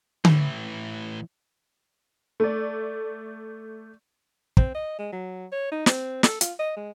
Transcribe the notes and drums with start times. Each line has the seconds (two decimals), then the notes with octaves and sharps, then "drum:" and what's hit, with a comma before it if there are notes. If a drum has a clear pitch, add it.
0.25 A2 E3, drum: tom D3
2.40 A3 D5
4.57 C4, drum: kick
4.75 D#5
4.99 G#3
5.12 F#3
5.52 C#5
5.72 D#4
5.86 C4, drum: snare
6.23 A4, drum: snare
6.41 F4, drum: hi-hat
6.59 D#5
6.76 G#3